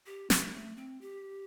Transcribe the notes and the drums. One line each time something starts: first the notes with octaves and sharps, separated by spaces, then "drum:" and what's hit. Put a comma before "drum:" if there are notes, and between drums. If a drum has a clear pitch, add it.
G4
A3, drum: snare
A3
C4
G4